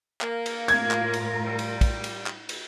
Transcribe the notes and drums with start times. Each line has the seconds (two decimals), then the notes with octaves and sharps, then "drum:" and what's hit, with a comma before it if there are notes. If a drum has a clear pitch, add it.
0.21 A#3, drum: clap
0.46 drum: cymbal
0.68 A2 F4 A#4 G#6, drum: cymbal
0.91 drum: clap
1.13 drum: cymbal
1.44 G3
1.59 drum: cymbal
1.81 drum: kick, cymbal
2.04 drum: cymbal
2.26 drum: clap
2.49 drum: cymbal